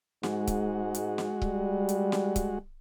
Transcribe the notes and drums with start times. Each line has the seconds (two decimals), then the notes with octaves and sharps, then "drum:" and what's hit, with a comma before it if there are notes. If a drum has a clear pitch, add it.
0.23 G#2 G#3 F#4, drum: snare
0.47 drum: kick C#1, hi-hat
0.95 drum: hi-hat
1.18 drum: snare
1.42 G3, drum: kick C#1
1.89 drum: hi-hat
2.12 drum: snare
2.36 drum: kick C#1, hi-hat